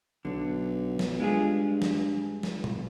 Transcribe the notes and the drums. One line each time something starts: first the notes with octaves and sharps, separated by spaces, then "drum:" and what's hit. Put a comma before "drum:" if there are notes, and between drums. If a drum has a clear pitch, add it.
B1 D3
drum: snare
G2 G#3 F4 G#4
drum: snare
drum: snare
drum: tom